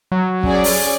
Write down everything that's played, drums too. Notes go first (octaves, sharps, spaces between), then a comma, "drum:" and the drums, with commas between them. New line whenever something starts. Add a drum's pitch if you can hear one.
F#3
C#4 G#4 D5, drum: kick
drum: open hi-hat